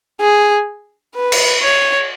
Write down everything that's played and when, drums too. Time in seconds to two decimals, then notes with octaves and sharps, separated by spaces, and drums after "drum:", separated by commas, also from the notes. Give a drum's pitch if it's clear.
0.21 G#4
1.15 B4
1.32 drum: cymbal
1.62 C#5